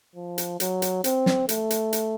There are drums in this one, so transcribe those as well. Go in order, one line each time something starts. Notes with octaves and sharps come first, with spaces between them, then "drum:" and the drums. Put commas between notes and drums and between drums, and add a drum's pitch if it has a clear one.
F3
drum: hi-hat
F#3, drum: hi-hat
drum: hi-hat
C4, drum: hi-hat
drum: snare
A3, drum: hi-hat
drum: hi-hat
drum: hi-hat